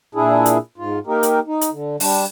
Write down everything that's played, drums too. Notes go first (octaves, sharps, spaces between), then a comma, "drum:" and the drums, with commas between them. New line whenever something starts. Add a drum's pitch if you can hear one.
A#2 D4 E4 G#4
drum: hi-hat
G#2 F4
A#3 D#4 G4 A#4
drum: hi-hat
D#4
drum: hi-hat
D3
G3 D4, drum: open hi-hat